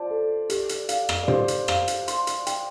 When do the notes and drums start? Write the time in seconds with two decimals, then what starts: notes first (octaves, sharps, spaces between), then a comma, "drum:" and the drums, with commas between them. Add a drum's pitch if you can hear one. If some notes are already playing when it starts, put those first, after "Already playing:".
Already playing: F4 C5 D5 A5
0.11 A4
0.50 G4, drum: hi-hat
0.69 drum: hi-hat
0.89 F5, drum: hi-hat
1.09 drum: rim click
1.23 D5
1.28 G4 C5, drum: tom G#2
1.48 drum: hi-hat
1.68 F5, drum: rim click
1.88 drum: hi-hat
2.08 C6, drum: hi-hat
2.27 drum: hi-hat
2.47 G5, drum: hi-hat